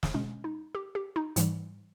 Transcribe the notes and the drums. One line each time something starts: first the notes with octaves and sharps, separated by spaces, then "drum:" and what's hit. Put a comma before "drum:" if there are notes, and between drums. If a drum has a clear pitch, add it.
drum: snare
B2 G#3 C#4
D#4
G4
G4
D#4
G#2 E3 G3, drum: hi-hat